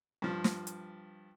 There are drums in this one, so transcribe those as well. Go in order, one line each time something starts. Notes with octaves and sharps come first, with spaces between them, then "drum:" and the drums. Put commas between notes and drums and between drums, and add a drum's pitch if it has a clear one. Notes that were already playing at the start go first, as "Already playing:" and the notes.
G2 F3
drum: snare
drum: hi-hat